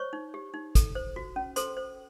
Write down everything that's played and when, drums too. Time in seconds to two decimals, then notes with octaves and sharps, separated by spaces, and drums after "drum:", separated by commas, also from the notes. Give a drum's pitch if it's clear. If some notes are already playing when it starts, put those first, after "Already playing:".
Already playing: C5 C#5 C#6
0.13 D#4
0.34 G4
0.54 D#4
0.75 A4, drum: kick, hi-hat
0.95 C5
1.16 F#4
1.36 C#4
1.56 A4 C5 C6, drum: hi-hat
1.77 C5